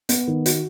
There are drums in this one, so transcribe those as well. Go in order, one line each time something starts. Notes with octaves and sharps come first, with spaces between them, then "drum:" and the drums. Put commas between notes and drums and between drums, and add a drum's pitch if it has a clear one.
B3, drum: hi-hat
D#3
F#4, drum: hi-hat